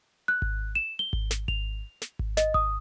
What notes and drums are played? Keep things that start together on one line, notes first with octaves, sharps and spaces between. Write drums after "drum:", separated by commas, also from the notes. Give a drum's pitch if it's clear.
F#6
drum: kick G#1
E7
G7
drum: kick G#1
drum: snare
F7, drum: kick G#1
drum: snare
drum: kick G#1
D#5, drum: snare
D#6, drum: kick G#1